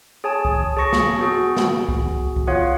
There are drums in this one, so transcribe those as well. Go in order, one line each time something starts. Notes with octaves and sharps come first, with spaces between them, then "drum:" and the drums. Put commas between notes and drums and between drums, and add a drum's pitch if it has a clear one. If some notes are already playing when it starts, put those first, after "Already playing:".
G#4 C#5 G#5 A5 D#6
drum: kick C2
G#4 C#5 A5 C#6 A#6 C#7
drum: snare
B3 F#4 G#4
drum: snare
drum: kick C2
drum: kick C2
F4 C#5 F5 F#5 D#6